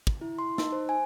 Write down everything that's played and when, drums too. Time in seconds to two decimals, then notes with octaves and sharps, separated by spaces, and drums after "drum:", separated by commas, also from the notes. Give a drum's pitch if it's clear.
0.07 drum: kick
0.21 E4
0.39 C6
0.58 D#4, drum: snare
0.72 C5
0.89 G#5